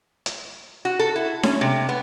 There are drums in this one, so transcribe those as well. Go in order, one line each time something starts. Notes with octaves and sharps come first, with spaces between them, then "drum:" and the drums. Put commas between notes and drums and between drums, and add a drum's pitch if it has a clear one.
drum: hi-hat
F#4
A4
E4
C#4, drum: snare D4
C3
B3